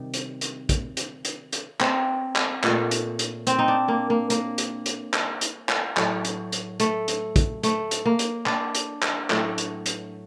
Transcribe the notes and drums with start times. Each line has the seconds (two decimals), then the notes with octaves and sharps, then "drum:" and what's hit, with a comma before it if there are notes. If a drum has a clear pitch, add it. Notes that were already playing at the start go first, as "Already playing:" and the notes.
Already playing: C3 D#3 G3
0.14 drum: hi-hat
0.41 drum: hi-hat
0.69 drum: kick, hi-hat
0.97 drum: hi-hat
1.25 drum: hi-hat
1.52 drum: hi-hat
1.80 C4, drum: clap
2.36 drum: clap
2.64 A#2 A3, drum: clap
2.91 drum: hi-hat
3.19 drum: hi-hat
3.47 C4, drum: hi-hat
3.59 D#4
3.68 D4
3.88 A#3
4.10 A#3
4.30 A#3, drum: hi-hat
4.58 drum: hi-hat
4.86 drum: hi-hat
5.14 drum: clap
5.41 drum: hi-hat
5.69 drum: clap
5.97 A2 F#3 A3, drum: clap
6.25 drum: hi-hat
6.52 drum: hi-hat
6.80 A3, drum: hi-hat
7.08 drum: hi-hat
7.36 drum: kick, hi-hat
7.63 A3, drum: hi-hat
7.91 drum: hi-hat
8.06 A#3
8.19 drum: hi-hat
8.46 D4, drum: clap
8.75 drum: hi-hat
9.02 drum: clap
9.30 A2 F#3 A3, drum: clap
9.58 drum: hi-hat
9.86 drum: hi-hat